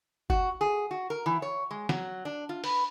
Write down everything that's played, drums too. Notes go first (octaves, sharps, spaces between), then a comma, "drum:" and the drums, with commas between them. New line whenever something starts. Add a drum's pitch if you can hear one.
F#4, drum: kick G1
G#4
F#4
A#4
E3
C#5
G#3
F#3, drum: snare
D4
F4
B4, drum: open hi-hat